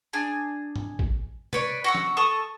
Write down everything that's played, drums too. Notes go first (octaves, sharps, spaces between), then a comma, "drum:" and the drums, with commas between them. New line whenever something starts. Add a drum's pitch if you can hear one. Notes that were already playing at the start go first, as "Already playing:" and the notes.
D4 G#4
drum: tom G2
drum: kick A1
B4 C#5 D5, drum: tom C3
F#4 F#5 E6
drum: snare
A4 A5 C#6 D#6